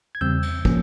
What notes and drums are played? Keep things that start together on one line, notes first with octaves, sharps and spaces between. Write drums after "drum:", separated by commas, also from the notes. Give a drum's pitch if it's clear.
G#6
E2 C#3 G3 C4 E6 G6
drum: cymbal
A#2 F3 A#3 C#4, drum: kick